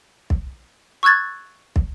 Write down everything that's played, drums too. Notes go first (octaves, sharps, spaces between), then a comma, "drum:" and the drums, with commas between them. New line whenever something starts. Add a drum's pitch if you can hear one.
drum: kick
C#6 E6 F#6 G#6 A6
drum: kick